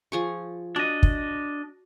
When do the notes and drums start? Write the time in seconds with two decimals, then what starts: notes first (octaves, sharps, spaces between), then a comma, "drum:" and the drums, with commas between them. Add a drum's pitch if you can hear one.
0.12 F3 G#4 C#6
0.76 D4 F#4 D#5
1.03 drum: kick